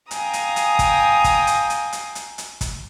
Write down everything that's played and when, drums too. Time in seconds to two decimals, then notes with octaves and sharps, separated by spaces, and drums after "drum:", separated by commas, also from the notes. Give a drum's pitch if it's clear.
0.11 F5 G5 G#5 A#5 D#6, drum: hi-hat
0.33 drum: hi-hat
0.56 drum: hi-hat
0.79 drum: kick, hi-hat
1.24 drum: kick, hi-hat
1.47 drum: hi-hat
1.70 drum: hi-hat
1.93 drum: hi-hat
2.15 drum: hi-hat
2.38 drum: hi-hat
2.61 drum: kick, hi-hat